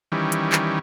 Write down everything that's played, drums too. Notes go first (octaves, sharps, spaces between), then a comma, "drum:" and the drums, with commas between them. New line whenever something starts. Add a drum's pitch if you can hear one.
D#3 E3 G3 C#4
drum: hi-hat
drum: clap